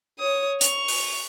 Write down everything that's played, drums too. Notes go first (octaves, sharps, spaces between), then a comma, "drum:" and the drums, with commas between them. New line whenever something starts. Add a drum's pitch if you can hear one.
C#5 D#6
C#6 F7, drum: hi-hat
drum: open hi-hat